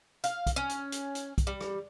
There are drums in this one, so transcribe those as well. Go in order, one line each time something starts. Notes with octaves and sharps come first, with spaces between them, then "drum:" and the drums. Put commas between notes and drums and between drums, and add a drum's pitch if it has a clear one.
F5, drum: hi-hat
drum: kick, hi-hat
C#4
drum: hi-hat
drum: hi-hat
drum: hi-hat
drum: kick, hi-hat
G3
drum: rim click